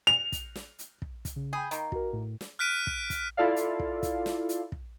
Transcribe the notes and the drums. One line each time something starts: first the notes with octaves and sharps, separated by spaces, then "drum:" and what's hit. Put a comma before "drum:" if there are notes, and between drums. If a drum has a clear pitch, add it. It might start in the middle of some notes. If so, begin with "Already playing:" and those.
F7
drum: kick, hi-hat
drum: snare
drum: hi-hat
drum: kick
drum: kick, hi-hat
C#3
G#4 G5 B5 G6
D#3 A#3, drum: hi-hat
F#4 A#4, drum: kick
A2
drum: snare
F6 F#6 B6 D7 D#7
drum: kick
drum: kick, hi-hat
E4 F4 A4 D5 F5
drum: hi-hat
drum: kick
drum: kick, hi-hat
drum: snare
drum: hi-hat
drum: kick